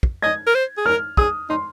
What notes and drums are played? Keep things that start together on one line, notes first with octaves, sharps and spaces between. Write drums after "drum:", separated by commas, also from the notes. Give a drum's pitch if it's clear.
drum: kick
D#5 G#6
A#4
C5
G#4
A#4 F6
G#4 D#6, drum: kick
D#4 C6